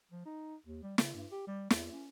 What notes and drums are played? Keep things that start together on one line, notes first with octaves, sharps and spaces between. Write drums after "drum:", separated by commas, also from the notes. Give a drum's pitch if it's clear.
F3
D#4
D#2
G3
C#3, drum: snare
G2
G4
G3
E2, drum: snare
C#4